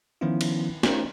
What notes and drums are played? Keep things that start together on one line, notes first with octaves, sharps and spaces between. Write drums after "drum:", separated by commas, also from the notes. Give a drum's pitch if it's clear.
D#3 F3 B3 C#4 E4 F4
drum: cymbal
C#4 D#4 F4 A#4 C5, drum: snare